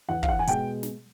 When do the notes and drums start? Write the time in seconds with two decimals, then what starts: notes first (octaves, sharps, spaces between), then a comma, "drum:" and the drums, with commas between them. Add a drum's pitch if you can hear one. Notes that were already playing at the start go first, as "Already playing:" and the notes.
0.09 E2 F#5
0.23 F5, drum: kick
0.29 F#5
0.39 G#5
0.47 B2 G#3 G5, drum: hi-hat
0.83 drum: snare